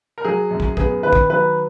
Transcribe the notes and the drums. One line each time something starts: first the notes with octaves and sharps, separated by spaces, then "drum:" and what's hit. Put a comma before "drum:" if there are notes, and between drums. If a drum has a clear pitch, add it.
A#4
F#3 G#4
F#2
drum: kick
B3 G#4, drum: kick
D#3 B4
drum: kick
F#3 B4